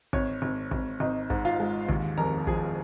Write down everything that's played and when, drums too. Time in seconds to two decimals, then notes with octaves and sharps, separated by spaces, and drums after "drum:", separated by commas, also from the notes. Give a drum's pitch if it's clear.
0.13 G#1 C#5, drum: kick
0.42 G#1
0.71 G#1, drum: kick
1.00 G#1 D#4 D#5
1.30 G#2, drum: kick
1.45 F4 F5
1.60 G#3
1.89 D#2, drum: kick
2.17 F1 A#4 A#5
2.47 F3 G#4 G#5, drum: kick